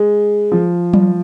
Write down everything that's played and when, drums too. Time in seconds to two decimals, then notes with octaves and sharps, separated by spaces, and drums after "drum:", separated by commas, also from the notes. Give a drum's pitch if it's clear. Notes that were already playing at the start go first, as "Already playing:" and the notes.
Already playing: G#3
0.52 F3
0.94 drum: tom F#3